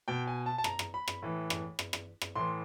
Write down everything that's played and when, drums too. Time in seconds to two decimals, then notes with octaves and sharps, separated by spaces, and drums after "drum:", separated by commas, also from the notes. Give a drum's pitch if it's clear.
0.08 B2 G5
0.27 G#5
0.46 A5
0.58 A5
0.64 A#5, drum: rim click
0.79 drum: rim click
0.94 B5
1.08 drum: rim click
1.22 A2 E3
1.50 drum: rim click
1.79 drum: rim click
1.93 drum: rim click
2.21 drum: rim click
2.35 A2 E3 C6